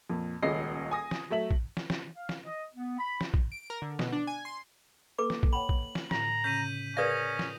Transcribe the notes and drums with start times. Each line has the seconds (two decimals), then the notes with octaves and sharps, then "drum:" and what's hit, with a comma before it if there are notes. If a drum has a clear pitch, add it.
0.10 F2 A#2
0.43 D#1 C#2 C#4 D#5 A#6 C7
0.91 G#5 D#6 A#6
1.11 drum: snare
1.30 F#3 A3 E5 F#7
1.51 drum: kick
1.77 drum: snare
1.90 drum: snare
2.16 F5
2.29 drum: snare
2.45 D#5
2.75 B3
2.99 B5
3.21 drum: snare
3.34 drum: kick
3.52 D7
3.70 A#4
3.82 D3
3.99 B2, drum: snare
4.12 D4
4.27 G#5
4.45 C6
5.19 A#3 A4 B4 D6
5.30 drum: snare
5.43 drum: kick
5.53 C#5 F#5 G5 B5 F#7
5.69 drum: kick
5.95 drum: snare
6.11 A2 D3 A#5, drum: snare
6.44 A2 C#3 C#4 G6 B6 D#7
6.97 C#4 G#4 A#4 B4 D5 F5 D#6 A#6
7.39 drum: snare